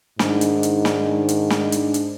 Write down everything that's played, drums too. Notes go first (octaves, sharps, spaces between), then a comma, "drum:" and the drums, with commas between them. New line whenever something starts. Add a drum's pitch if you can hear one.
G#2 D#3 D4, drum: snare
drum: hi-hat
drum: hi-hat
drum: snare
drum: hi-hat
drum: snare
drum: hi-hat
drum: hi-hat